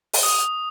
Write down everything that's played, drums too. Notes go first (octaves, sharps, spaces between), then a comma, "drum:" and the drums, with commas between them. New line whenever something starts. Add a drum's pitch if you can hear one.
drum: open hi-hat
D#6